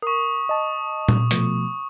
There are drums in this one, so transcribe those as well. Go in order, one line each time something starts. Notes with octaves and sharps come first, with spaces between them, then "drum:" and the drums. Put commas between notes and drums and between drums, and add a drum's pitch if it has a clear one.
A#4 C#6 D#6
D#5 A5
drum: tom A#2
B2 F3 A3, drum: hi-hat